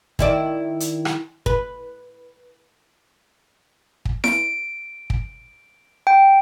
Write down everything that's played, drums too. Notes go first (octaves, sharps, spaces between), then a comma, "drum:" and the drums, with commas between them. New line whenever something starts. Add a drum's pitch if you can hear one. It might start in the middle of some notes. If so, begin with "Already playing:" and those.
D#3 E4 D5, drum: kick
drum: hi-hat
drum: rim click
B4, drum: kick
drum: kick
D7, drum: snare E4
drum: kick
G5